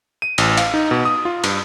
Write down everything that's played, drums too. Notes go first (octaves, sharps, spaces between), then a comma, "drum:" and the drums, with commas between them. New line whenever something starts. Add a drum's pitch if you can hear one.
D#7
A1, drum: cymbal
F5, drum: cymbal
D#4
B2
D#6
F4
G2, drum: cymbal